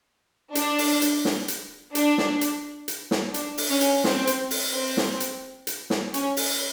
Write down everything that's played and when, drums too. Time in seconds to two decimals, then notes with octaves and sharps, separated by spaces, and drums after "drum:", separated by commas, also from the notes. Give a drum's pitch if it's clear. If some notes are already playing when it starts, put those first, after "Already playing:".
0.55 D4, drum: hi-hat
0.78 drum: open hi-hat
1.02 drum: hi-hat
1.25 drum: snare
1.48 drum: hi-hat
1.95 D4, drum: hi-hat
2.18 drum: snare
2.41 drum: hi-hat
2.88 drum: hi-hat
3.11 drum: snare
3.34 D4, drum: hi-hat
3.58 drum: open hi-hat
3.69 C#4
3.81 drum: hi-hat
4.04 C4, drum: snare
4.27 drum: hi-hat
4.51 drum: open hi-hat
4.74 C4
4.97 drum: snare
5.20 drum: hi-hat
5.67 drum: hi-hat
5.90 drum: snare
6.14 C#4, drum: hi-hat
6.37 drum: open hi-hat